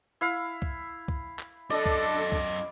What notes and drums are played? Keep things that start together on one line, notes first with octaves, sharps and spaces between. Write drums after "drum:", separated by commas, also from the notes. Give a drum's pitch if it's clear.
E4 F5
drum: kick C2
drum: kick C2
drum: clap
F#2 D4 A4 D5 D#5
drum: kick C2
drum: kick C2